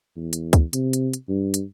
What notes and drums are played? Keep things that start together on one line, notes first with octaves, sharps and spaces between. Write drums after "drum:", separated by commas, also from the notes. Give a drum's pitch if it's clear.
E2
drum: hi-hat
drum: kick, hi-hat
C3, drum: hi-hat
drum: hi-hat
drum: hi-hat
G2
drum: hi-hat